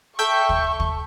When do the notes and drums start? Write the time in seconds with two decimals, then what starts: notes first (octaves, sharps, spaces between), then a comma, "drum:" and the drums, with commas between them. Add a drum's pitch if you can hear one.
0.19 A4 E5 G5 C#6 G6
0.49 drum: kick
0.80 drum: kick